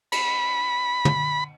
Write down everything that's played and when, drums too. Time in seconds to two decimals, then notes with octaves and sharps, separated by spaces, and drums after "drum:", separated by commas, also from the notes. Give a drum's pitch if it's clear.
0.12 B5, drum: cymbal
1.05 drum: tom